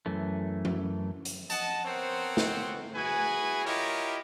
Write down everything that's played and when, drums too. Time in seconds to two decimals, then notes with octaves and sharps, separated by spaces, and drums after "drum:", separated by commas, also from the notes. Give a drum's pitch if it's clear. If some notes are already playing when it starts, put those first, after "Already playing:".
0.06 F#2 E3 A3
0.65 drum: tom F3
1.25 drum: hi-hat
1.50 D#5 F#5 A5, drum: hi-hat
1.85 B3 C4 A#4 C5 C#5 F#5
2.37 drum: snare
2.95 E4 F#4 G#4 B4 G#5
3.66 E4 F4 G4 A#4 C#5 D#5